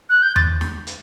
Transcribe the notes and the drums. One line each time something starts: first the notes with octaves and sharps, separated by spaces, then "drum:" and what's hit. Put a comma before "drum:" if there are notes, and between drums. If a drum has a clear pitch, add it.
F#6
G6
A6, drum: tom E2
drum: snare
drum: hi-hat